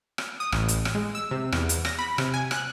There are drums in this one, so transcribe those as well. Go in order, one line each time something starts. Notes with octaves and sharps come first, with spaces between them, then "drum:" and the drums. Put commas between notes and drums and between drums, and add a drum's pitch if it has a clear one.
drum: rim click
D#6
A1, drum: rim click
drum: hi-hat
drum: rim click
G#3
E6
C3
E2, drum: rim click
drum: hi-hat
A#6, drum: rim click
B5
C3, drum: rim click
G#5
F#6, drum: rim click